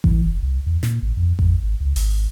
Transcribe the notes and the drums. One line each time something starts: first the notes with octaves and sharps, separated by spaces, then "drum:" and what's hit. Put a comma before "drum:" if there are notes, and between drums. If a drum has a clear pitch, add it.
E3, drum: kick A1
F1
C2
E2
A#2, drum: snare
A1
F2
F2, drum: kick A1
G#1
C#2
G#1, drum: open hi-hat